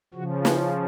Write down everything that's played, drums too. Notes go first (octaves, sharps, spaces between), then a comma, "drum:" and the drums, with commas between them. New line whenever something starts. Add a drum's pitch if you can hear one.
C#3 F3 F#4
G#4, drum: snare